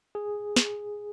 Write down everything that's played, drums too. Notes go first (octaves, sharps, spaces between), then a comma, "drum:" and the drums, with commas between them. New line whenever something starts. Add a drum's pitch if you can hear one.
G#4
drum: snare